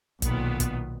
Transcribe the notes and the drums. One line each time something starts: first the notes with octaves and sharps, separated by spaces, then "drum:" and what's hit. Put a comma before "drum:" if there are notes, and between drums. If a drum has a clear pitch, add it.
B1 A#2 D#3 B3, drum: kick, hi-hat
drum: kick, hi-hat